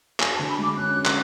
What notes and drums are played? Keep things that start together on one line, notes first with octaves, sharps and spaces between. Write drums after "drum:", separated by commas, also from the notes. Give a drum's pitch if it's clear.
F#4 G#5, drum: clap
A5
D3
B5
G#3 D6
C#4 F#6
F#4
drum: clap